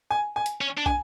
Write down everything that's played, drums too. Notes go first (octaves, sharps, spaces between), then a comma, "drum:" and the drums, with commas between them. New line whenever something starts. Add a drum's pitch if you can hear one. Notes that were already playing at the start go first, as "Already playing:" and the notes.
G#5
G#5
drum: hi-hat
C#4
D4
G#5, drum: kick